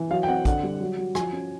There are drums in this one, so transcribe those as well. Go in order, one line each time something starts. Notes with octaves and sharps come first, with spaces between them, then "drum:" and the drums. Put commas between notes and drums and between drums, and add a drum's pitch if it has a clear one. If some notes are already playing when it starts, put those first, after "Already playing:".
Already playing: E3
F#3 F5
G5
C4 F#5
D3 F#5, drum: kick, hi-hat
G3
F#3
F#3
F3 G#5, drum: rim click
C#4